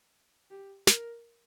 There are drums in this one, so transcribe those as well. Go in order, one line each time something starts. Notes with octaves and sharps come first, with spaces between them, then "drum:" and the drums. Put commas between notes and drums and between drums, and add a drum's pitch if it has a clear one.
G4
A#4, drum: snare